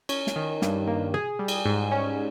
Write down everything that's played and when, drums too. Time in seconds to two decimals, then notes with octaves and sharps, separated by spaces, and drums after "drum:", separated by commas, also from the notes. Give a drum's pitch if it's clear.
0.09 C#4, drum: cymbal
0.27 drum: snare
0.36 D#3
0.62 G2, drum: snare
0.87 A#3
1.14 G#4, drum: tom B2
1.39 G3
1.48 drum: cymbal
1.66 G#2
1.92 C#4